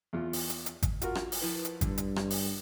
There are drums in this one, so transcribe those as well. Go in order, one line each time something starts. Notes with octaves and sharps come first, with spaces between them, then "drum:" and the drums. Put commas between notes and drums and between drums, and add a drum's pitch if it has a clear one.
E2 F4
drum: open hi-hat
drum: hi-hat
drum: hi-hat
drum: kick G#1, hi-hat
F4 F#4 A#4, drum: hi-hat
drum: rim click
drum: open hi-hat
F3 E4 B4
drum: hi-hat
G2 D3, drum: kick G#1, hi-hat
drum: hi-hat
G1, drum: rim click
drum: open hi-hat